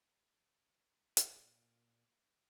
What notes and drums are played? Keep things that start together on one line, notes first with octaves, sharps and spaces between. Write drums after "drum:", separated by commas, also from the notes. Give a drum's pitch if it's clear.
A#2, drum: hi-hat